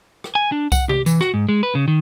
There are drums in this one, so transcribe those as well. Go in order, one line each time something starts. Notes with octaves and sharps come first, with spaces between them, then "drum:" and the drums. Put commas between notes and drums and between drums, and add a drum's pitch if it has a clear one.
drum: rim click
G#5
D4
F#5, drum: kick C2, tambourine
G4, drum: tom C3
E3, drum: tambourine
F#4, drum: rim click
G#2
G#3
B4
C#3
D#3